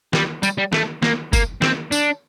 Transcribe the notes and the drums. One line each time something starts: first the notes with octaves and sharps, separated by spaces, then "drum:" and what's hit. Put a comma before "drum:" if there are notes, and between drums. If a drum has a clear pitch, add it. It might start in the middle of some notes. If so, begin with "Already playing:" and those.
G3, drum: snare
G3, drum: tambourine
G3
A3, drum: snare
A#3, drum: snare
A#3, drum: kick, tambourine
C4, drum: snare
D4, drum: tambourine